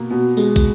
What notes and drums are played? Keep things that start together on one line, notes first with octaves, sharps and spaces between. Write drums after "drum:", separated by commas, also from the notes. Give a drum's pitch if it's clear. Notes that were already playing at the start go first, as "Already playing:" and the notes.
Already playing: B2 A#3
B2
G#3, drum: tambourine
drum: kick, tambourine